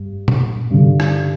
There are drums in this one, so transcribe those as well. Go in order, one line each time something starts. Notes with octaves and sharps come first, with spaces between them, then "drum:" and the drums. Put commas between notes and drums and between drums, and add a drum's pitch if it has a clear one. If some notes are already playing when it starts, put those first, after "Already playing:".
Already playing: G2
drum: tom
G2 D3
drum: rim click